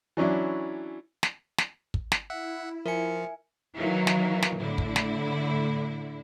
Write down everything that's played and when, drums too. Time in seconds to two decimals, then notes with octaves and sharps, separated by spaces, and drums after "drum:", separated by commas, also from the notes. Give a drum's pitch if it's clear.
0.17 E3 F#3 C#4 D4 E4
1.23 drum: snare
1.58 drum: snare
1.94 drum: kick
2.12 drum: snare
2.30 E4 E5 F#5
2.86 F3 A#4 E5 G#5 C#7
3.78 D#3 E3 F#3 A#3
4.07 drum: snare
4.43 drum: snare
4.60 A2 D3 E4
4.78 drum: kick
4.96 drum: snare